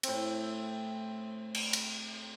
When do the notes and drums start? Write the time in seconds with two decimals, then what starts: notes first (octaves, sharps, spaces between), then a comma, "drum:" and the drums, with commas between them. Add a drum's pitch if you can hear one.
0.03 A2 C4, drum: cymbal
1.55 drum: cymbal
1.73 drum: cymbal